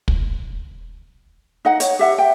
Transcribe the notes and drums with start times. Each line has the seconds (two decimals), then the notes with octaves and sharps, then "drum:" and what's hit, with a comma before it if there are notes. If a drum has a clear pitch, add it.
0.08 drum: kick
1.65 D#4 D#5 F#5
1.80 C#5, drum: hi-hat
1.99 G4 E5 F#5
2.18 G5